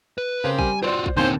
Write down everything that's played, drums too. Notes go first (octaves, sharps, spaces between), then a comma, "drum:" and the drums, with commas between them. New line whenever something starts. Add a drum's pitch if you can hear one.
B4
C#3 C4 G4 A#4
G3 G#5, drum: kick
C4 F4 F#4 C5 D5
drum: kick
D#2 D3 C4 C#4 C5